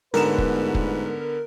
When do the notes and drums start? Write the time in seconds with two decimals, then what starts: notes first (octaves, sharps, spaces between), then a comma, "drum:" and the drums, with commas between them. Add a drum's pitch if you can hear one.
0.14 G1 D2 G#2 D3 B3 A#4 B4 E7, drum: snare
0.38 drum: kick
0.75 drum: kick